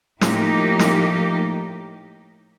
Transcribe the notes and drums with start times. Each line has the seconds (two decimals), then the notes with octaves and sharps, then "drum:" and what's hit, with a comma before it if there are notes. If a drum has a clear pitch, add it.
0.21 A2 F3 A#3 D#4 G4, drum: snare
0.79 drum: snare